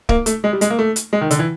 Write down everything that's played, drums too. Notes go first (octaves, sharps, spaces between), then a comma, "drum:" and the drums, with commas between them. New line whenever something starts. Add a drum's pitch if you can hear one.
A#3, drum: kick
A3, drum: hi-hat
G#3
G3
G#3, drum: hi-hat
A#3
A3
drum: hi-hat
G#3
D#3
D3, drum: hi-hat
E3